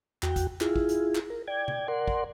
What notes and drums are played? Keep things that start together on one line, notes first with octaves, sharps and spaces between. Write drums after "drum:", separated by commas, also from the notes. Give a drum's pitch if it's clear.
E2 F#4 G5, drum: clap
drum: kick, hi-hat
E4 F4 G#4, drum: clap
drum: kick
drum: hi-hat
drum: clap
A#4
D5 G5 G#6
drum: tom C3
A#4 D5 F#5 C6
drum: kick